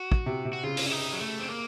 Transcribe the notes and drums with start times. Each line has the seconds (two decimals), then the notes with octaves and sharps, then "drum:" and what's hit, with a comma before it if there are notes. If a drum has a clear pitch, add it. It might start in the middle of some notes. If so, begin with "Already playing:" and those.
Already playing: F#4
0.12 drum: kick
0.26 C3
0.45 C3
0.53 F#4
0.64 C#3 F4
0.77 drum: open hi-hat
0.86 C#4
0.91 D#4
1.13 F#3
1.21 A3
1.40 C4
1.48 A#3